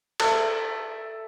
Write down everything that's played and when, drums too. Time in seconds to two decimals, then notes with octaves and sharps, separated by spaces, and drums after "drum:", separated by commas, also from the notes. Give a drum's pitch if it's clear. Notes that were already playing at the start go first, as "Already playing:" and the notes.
0.20 A4 E5, drum: cymbal